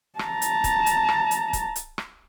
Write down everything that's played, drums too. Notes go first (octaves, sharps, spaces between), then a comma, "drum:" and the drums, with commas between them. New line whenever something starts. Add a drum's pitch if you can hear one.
A5 A#5, drum: rim click
drum: hi-hat
drum: kick, hi-hat
drum: hi-hat
drum: rim click
drum: hi-hat
drum: kick, hi-hat
drum: hi-hat
drum: rim click